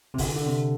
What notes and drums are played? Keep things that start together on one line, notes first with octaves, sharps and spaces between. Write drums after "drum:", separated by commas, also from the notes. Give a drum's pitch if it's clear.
C3
D3, drum: kick, open hi-hat
D3
C3